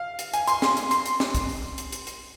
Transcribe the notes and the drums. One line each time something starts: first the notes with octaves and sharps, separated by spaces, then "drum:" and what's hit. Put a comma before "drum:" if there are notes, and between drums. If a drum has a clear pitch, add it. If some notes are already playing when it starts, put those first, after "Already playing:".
Already playing: F5
drum: hi-hat
G#5, drum: hi-hat
C6, drum: hi-hat
drum: snare
drum: hi-hat
C6, drum: hi-hat
drum: hi-hat
drum: snare
drum: kick, hi-hat
drum: open hi-hat
drum: hi-hat
drum: hi-hat
drum: hi-hat